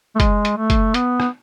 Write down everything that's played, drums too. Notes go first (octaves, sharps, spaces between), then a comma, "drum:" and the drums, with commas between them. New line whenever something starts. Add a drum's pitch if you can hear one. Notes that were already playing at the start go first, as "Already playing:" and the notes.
A3
G#3, drum: kick F#1, hi-hat
drum: hi-hat
A3
drum: kick F#1, hi-hat
B3, drum: hi-hat
drum: rim click